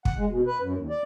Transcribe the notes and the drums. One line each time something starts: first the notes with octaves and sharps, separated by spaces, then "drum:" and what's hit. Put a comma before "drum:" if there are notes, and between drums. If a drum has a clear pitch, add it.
F#5, drum: kick
G#3
B2
B4
F#2
D#2
D5